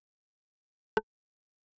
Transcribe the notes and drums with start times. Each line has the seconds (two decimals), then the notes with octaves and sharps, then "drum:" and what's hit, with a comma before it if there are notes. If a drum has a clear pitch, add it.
0.20 A5 B6
0.97 drum: rim click